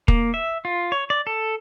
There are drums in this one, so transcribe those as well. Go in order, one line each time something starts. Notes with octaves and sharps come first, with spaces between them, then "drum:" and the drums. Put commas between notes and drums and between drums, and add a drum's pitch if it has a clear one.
A#3, drum: kick
E5
F4
C#5
D5
A4